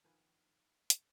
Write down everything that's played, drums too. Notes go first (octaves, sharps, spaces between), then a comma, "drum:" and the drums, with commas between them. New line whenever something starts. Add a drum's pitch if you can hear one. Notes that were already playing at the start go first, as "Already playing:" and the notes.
A#1 G#2 D#3 F4 B4 G#5
drum: hi-hat